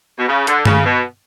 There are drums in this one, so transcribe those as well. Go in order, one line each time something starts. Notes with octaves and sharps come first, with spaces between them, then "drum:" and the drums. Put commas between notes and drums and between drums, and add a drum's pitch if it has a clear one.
B2
C#3
D3, drum: hi-hat
C#3, drum: tom
B2